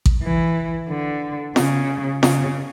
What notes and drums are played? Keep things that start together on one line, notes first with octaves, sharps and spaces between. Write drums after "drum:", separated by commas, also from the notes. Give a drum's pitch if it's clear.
drum: kick A1
E3
D3
C#3, drum: snare
C#3, drum: snare